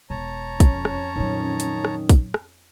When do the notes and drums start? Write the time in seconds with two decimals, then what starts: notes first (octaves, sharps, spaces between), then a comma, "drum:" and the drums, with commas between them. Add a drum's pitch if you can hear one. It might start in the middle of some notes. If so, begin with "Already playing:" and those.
0.10 E1 C#5 A5 A#5
0.60 F2 C#4, drum: kick, hi-hat
0.85 drum: rim click
1.16 A#2 D#3 F#3
1.60 drum: hi-hat
1.85 drum: rim click
2.09 drum: kick, hi-hat
2.34 drum: rim click